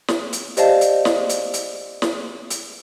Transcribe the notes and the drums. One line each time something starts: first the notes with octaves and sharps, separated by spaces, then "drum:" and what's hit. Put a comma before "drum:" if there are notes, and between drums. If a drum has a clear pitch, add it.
drum: snare
drum: hi-hat
G4 C5 D5 D#5 F5 A5, drum: hi-hat
drum: hi-hat
drum: snare
drum: hi-hat
drum: hi-hat
drum: snare
drum: hi-hat